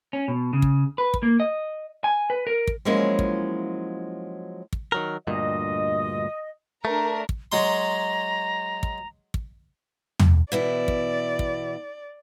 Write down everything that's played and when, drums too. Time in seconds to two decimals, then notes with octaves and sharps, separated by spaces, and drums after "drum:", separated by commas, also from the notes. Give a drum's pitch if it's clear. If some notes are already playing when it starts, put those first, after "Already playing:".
0.13 C#4
0.28 B2
0.53 C#3
0.62 drum: kick
0.98 B4
1.14 drum: kick
1.23 A#3
1.40 D#5
2.04 G#5
2.30 B4
2.47 A#4
2.67 drum: kick
2.85 F3 F#3 G#3 A#3 C#4 E4
3.19 drum: kick
4.73 drum: kick
4.92 D#3 F#3 A#4
5.27 D2 G2 A#2 D#5
6.85 A3 D4 A#4
7.29 drum: kick
7.52 F#3 G#3 A#5 C6
8.83 drum: kick
9.34 drum: kick
10.19 drum: tom
10.52 B2 E3 E4 D5
10.88 drum: kick
11.39 drum: kick